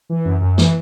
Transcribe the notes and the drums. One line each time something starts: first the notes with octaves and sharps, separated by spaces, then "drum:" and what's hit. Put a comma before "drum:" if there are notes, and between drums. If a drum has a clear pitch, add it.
E3
F#2
F#2
E3, drum: snare